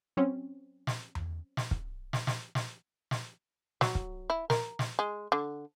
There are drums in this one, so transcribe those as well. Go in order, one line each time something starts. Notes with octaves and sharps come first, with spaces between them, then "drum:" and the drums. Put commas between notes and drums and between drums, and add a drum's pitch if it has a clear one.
F#3 C4 C#4
drum: snare
drum: tom E2
drum: snare
drum: kick
drum: snare
drum: snare
drum: snare
drum: snare
F#3, drum: snare
drum: kick
E4
A#4, drum: snare
drum: snare
G#3
D3